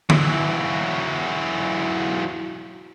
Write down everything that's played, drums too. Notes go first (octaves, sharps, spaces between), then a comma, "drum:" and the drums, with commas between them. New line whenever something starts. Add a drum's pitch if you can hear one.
E3 F#3, drum: tom D3